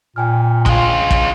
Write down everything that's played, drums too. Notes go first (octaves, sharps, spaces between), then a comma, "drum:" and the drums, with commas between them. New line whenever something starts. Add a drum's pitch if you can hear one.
A#2 G5 G#5 F6
G#3 F4, drum: kick
drum: kick